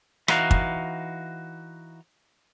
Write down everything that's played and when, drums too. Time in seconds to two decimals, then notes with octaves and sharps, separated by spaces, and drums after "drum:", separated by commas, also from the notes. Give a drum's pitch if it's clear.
0.28 E3 D#4 F#4 F5, drum: rim click
0.51 drum: kick